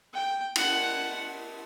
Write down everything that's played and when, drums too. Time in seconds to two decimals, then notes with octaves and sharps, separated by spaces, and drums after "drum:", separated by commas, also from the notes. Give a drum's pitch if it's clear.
0.13 G5
0.55 F#5, drum: cymbal